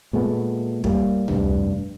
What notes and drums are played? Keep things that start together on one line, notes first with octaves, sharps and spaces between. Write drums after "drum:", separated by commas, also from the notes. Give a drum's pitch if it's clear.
A#2 G#3 A3 B3
A2 G3 A#3, drum: kick
F1 G2, drum: tom C#2